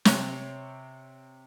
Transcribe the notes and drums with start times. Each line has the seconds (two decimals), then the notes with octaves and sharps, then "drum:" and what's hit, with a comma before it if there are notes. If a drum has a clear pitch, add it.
0.05 C3 C4 C#5 F#6, drum: snare